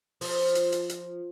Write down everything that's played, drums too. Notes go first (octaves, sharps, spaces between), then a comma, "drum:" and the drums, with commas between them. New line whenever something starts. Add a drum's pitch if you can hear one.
F3, drum: open hi-hat
drum: hi-hat
drum: hi-hat
drum: hi-hat